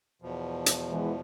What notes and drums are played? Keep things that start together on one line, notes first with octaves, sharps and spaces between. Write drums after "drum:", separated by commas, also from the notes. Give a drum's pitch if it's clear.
E2 B2 F3
drum: hi-hat
E3 G#3 B3